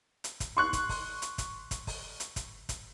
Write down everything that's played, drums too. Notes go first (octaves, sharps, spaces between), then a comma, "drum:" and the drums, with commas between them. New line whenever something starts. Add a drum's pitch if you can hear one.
drum: hi-hat
drum: kick, hi-hat
C6 C#6 F#6
drum: kick, hi-hat
drum: kick, open hi-hat
drum: hi-hat
drum: kick, hi-hat
drum: kick, hi-hat
drum: kick, open hi-hat
drum: hi-hat
drum: kick, hi-hat
drum: kick, hi-hat